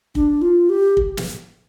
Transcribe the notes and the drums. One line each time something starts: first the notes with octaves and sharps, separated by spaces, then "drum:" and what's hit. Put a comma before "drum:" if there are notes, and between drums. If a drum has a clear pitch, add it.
D4, drum: kick
F4
G4
drum: kick
drum: snare